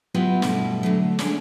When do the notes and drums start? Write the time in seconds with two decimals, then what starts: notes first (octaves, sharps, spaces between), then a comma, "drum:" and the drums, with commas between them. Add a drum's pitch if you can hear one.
0.15 F#3 B3 E4 F4 G4 B4
0.42 G2 B2 G3 A3 E4, drum: snare
0.83 D3 F#3 A3
1.19 C#4 D4 G#4 A4 C#5 D5, drum: snare